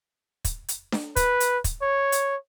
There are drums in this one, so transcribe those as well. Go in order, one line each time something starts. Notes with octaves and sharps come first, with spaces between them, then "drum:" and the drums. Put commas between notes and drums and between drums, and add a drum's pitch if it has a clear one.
drum: kick, hi-hat
drum: hi-hat
drum: snare D4
B4, drum: kick, hi-hat
drum: hi-hat
drum: kick, hi-hat
C#5
drum: hi-hat